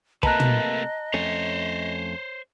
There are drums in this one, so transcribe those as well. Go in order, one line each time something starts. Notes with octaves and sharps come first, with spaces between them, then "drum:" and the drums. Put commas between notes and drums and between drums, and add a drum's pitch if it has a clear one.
C3 A3 A#3 B4 D#5 A5 A#5 F#6, drum: kick
drum: tom
F2 A3 C#4 C5 C#5